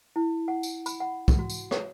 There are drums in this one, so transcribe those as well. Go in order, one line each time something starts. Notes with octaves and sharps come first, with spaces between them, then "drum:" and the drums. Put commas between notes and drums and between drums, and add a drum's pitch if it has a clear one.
E4
F#5
drum: tambourine
B5, drum: tambourine
F#5
drum: kick, tambourine
F#4
drum: tambourine
C#5, drum: rim click